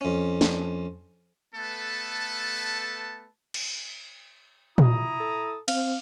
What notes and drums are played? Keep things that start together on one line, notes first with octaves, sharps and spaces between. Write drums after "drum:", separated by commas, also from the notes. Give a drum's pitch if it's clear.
F2 C#4
drum: snare
A3 B3 A4 B4 A5
drum: cymbal
E4 A#5 D#6, drum: tom A#2
A4
C4 F5, drum: cymbal